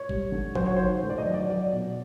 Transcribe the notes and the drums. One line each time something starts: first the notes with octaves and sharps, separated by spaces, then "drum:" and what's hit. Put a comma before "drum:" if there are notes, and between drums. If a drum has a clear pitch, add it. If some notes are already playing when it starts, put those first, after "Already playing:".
Already playing: C#5
G3, drum: kick G#1
D3
F#3 C5, drum: kick G#1
C#5
D#3 C5
D2
D5
D#5
F#3
D5
F#3 D5
B2